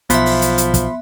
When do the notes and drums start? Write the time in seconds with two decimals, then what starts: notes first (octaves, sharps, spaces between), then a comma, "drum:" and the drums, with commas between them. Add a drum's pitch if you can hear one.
0.10 B1 F3 B3 E5 B5 C6, drum: hi-hat
0.26 drum: open hi-hat
0.42 drum: hi-hat
0.58 drum: hi-hat
0.74 drum: kick, hi-hat